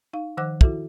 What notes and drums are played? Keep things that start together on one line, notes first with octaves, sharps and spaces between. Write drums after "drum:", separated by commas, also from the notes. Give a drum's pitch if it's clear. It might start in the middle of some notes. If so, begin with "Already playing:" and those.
D#4 F5
D#3 F3 C5 F#5 D6 F#6
E4 F#4 A4 E5, drum: kick